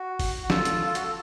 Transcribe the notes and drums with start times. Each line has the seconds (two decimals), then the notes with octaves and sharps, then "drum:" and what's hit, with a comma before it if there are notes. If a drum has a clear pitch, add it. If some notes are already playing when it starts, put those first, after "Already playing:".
Already playing: F#4
0.19 drum: kick, open hi-hat
0.43 F#4
0.50 F4 A4, drum: snare
0.65 drum: hi-hat
0.87 F4
0.95 F#4, drum: hi-hat
1.03 A4